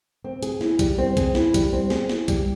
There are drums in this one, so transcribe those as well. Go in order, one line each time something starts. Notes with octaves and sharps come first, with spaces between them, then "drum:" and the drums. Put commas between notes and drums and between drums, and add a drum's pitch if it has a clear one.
C4
G#4, drum: hi-hat
E4, drum: snare
G3, drum: kick C2, hi-hat
C4
G#4, drum: kick C2, hi-hat
E4, drum: snare
G3, drum: kick C2, hi-hat
C4
G#4, drum: snare
E4, drum: snare
G3, drum: kick C2, hi-hat